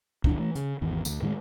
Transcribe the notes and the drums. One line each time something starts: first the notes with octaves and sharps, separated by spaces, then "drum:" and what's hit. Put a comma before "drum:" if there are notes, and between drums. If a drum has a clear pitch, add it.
F1 F2 E3 D4, drum: kick
E3 A3
C#3, drum: hi-hat
G#1 E2 D#3
D2, drum: tambourine
A2 D#3 F3 G#3